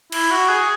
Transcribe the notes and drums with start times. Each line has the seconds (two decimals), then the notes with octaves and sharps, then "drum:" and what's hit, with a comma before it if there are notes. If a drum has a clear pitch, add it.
0.12 E4, drum: cymbal
0.31 F#4
0.49 G#4